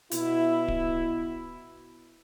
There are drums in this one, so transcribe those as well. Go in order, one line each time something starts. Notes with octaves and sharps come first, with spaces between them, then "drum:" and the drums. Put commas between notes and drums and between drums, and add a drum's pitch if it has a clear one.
B2 E4, drum: hi-hat
drum: kick D1